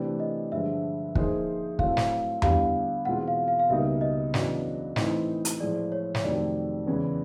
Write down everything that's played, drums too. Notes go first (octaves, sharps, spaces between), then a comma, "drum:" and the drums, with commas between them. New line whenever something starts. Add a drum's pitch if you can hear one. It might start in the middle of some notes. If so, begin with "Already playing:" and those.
Already playing: C3 E3 A3 D4 G4
D#5
G2 D3 F3 G#3 E5
F3 A#3 D#4 G#4 C5, drum: kick
A2 F#3 A3 C4 F5, drum: kick
drum: snare
D3 G3 B3 E4 G4 F5, drum: tom E2
E2 B2 G#3 C4 F4 F#5
F5
F5
F5
C#2 B2 G3 A#3 D#4 E5
D#5
E2 C#3 F#3 B3 D4, drum: snare
A2 E3 A3 C4 D#4, drum: snare
drum: hi-hat
A2 F3 G#3 D5
C#5
C#5, drum: snare
F2 C3 D#3 F#3 A3 D5
E2 C#3 E3 G#3 C#4